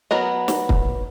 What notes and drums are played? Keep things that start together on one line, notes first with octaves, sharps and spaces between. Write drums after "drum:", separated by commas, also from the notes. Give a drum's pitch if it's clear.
F#3 B3 A#4 D#5
drum: snare
drum: kick